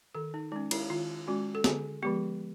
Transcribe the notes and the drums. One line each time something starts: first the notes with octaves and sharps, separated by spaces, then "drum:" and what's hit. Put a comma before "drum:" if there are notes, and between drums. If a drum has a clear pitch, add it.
D#3 A4
D#4
G#3 C#4 D#4
E4, drum: cymbal
D#3 F4
G#3 C#4 F#4
A4
D3 G#4, drum: snare
F3 G#3 B3 G4